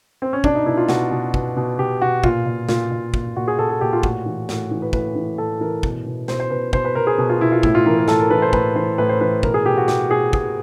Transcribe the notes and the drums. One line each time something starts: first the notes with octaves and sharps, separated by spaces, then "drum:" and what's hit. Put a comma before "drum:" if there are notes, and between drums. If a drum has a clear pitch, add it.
C4
C#4
B2 D4, drum: kick
D#4
B2 E4
F4
B2 F#4, drum: snare
B2
B2, drum: kick
B2
B2 G4
B2 F#4
A#2 F4, drum: kick
A#2
A#2 F4, drum: snare
A#2
A#2, drum: kick
A#2 F#4
G#4
A#2 A4
G#4
A#2 G4
F4
A2 F#4, drum: kick
E3
A2 F#4, drum: snare
E3
B4
A2 B4, drum: kick
E3
A2 A4
E3 A#4
B2, drum: kick
B2
B2 C5, drum: snare
C5
B2 B4
B2 C5, drum: kick
B4
B2 A#4
G#4
B2
F4
B2 E4
F4
A2 E4, drum: kick
F4
E3 A#4
A#4
A2 A4, drum: snare
A#4
E3 B4
C5
A2 B4, drum: kick
E3 C5
A2 B4
C5
E3 B4
B2 A#4, drum: kick
G#4
B2 G4
F#4
B2 G4, drum: snare
B2 G#4
B2 G#4, drum: kick